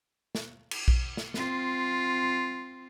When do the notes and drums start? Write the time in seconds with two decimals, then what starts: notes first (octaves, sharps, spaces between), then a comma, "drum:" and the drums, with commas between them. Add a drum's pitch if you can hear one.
0.35 drum: snare
0.71 drum: cymbal
0.88 drum: kick A#1
1.17 drum: snare
1.34 C4 F4, drum: snare